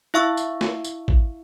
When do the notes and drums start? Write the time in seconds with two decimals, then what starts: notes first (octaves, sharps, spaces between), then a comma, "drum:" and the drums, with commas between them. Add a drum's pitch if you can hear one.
0.14 E4 E5 F5 C#6 E6
0.37 drum: tambourine
0.61 drum: snare
0.84 drum: tambourine
1.08 drum: kick A1